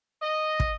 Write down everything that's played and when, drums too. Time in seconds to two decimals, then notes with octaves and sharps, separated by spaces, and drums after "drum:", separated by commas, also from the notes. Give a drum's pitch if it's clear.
0.22 D#5
0.60 drum: kick